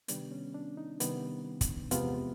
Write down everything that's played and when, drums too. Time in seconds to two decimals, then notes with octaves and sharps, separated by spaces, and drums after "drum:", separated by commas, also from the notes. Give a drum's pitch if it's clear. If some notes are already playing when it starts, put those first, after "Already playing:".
0.08 C3 D#3 G3 B3 D4, drum: hi-hat
0.31 C#4
0.54 D4
0.77 D#4
1.00 C3 D#3 G3 B3, drum: hi-hat
1.61 drum: kick, hi-hat
1.91 E2 C3 F3 G#3 B3 F4, drum: hi-hat